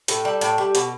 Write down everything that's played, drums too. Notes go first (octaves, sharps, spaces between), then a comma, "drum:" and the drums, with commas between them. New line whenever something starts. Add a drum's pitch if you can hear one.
A2 A4, drum: hi-hat
G3
A2, drum: hi-hat
G3
B2, drum: hi-hat